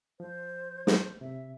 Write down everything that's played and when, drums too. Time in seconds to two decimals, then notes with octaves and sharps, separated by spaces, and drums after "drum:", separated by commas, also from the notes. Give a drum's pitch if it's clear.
0.20 F3 C5
0.87 drum: snare
1.21 C3 E5